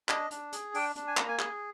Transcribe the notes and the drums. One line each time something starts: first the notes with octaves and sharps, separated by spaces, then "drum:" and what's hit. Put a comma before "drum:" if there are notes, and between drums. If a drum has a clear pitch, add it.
D4 D#5, drum: clap
D4, drum: hi-hat
G#4, drum: hi-hat
D4 G5, drum: open hi-hat
D4, drum: hi-hat
G#5
A#3 A#5, drum: clap
G#5
G#4, drum: clap